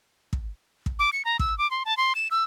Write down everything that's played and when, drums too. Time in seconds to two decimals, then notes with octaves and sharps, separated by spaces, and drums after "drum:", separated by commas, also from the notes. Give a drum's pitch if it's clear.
0.33 drum: kick
0.86 drum: kick
0.99 D6
1.13 C#7
1.25 A#5
1.39 E6, drum: kick
1.58 D6
1.71 C6
1.85 A5
1.97 C6
2.15 E7
2.31 E6